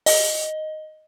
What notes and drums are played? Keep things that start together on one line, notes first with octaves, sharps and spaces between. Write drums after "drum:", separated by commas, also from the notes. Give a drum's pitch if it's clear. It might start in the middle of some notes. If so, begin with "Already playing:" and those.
D#5, drum: open hi-hat